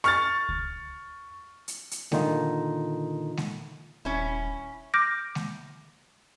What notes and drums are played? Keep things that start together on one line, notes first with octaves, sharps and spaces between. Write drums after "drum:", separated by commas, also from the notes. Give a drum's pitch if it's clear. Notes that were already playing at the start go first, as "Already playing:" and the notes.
C#6 F6 A6, drum: rim click
drum: kick C#2
drum: hi-hat
drum: hi-hat
A#2 D3 D#3 D#4 F4, drum: snare G#3
drum: snare G#3
D#1 C#4 E4
D6 F6 G6 A#6 D7
drum: snare G#3